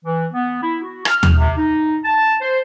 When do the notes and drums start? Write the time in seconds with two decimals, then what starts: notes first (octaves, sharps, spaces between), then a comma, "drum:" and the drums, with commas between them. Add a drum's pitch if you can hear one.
0.05 E3
0.33 B3
0.63 E4
0.82 F#4
1.05 F6, drum: rim click
1.23 drum: tom D#2
1.38 C3
1.57 D#4
2.04 A5
2.41 C5